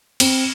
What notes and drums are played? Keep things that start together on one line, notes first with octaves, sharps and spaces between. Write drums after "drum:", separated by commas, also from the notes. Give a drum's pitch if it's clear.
C4, drum: cymbal